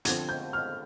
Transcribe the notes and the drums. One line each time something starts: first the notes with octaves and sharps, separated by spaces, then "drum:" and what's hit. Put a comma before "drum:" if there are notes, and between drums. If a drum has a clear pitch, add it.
D3 F3 C4 G#6, drum: hi-hat
G6
F6